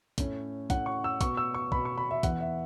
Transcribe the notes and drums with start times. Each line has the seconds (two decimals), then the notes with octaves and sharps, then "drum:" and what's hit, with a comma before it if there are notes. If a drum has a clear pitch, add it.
0.18 A2 A3 C#4, drum: kick, hi-hat
0.70 A2 A3 C#4 F#5, drum: kick, hi-hat
0.86 C#6
1.04 E6
1.21 B2 B3 C#6, drum: kick, hi-hat
1.37 E6
1.54 C#6
1.72 B2 B3 B5, drum: kick
1.85 C#6
1.98 B5
2.11 E5
2.23 E2 E3 B3 F#5, drum: kick, hi-hat
2.41 E5